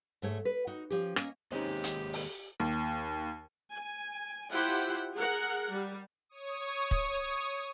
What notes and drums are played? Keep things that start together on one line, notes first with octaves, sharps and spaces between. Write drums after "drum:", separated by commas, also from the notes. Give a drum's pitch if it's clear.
G#2 A3 C#5
B4
D#4 F#4
F3 C#4 G4
A#3 C#4 D#5, drum: rim click
D#2 G#3 C4 C#4 D#4 G4
drum: hi-hat
drum: open hi-hat
D#2
G#5
E4 F4 G4 C5 F#5 G5
G#4 A#4 F#5
G3
C#5 C#6 D#6
drum: kick C#1